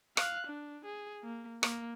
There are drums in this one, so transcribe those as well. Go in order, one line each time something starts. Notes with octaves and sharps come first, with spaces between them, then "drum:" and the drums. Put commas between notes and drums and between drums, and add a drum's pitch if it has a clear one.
F5 F#6, drum: rim click
D4
G#4
A#3
A#3, drum: rim click